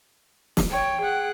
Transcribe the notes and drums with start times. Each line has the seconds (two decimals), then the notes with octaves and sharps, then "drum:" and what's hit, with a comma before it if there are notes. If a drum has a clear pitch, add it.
0.57 drum: snare
0.71 C#5 G5
1.02 G#4 F#5